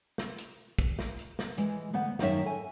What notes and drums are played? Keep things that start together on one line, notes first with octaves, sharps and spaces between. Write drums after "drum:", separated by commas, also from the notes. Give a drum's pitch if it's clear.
drum: snare
drum: hi-hat
drum: kick, hi-hat
drum: snare
drum: hi-hat
drum: snare
E3 G#3, drum: hi-hat
D2 B3 C5 F#5
F#2 D#3 D#4 C#5 E5, drum: snare
A4 G#5